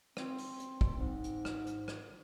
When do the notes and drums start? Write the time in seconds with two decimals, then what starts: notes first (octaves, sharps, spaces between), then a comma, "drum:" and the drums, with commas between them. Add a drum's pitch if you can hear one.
0.17 C4, drum: rim click
0.38 drum: open hi-hat
0.60 drum: hi-hat
0.81 drum: kick
0.98 G#2
1.24 drum: hi-hat
1.45 drum: rim click
1.66 drum: hi-hat
1.88 drum: rim click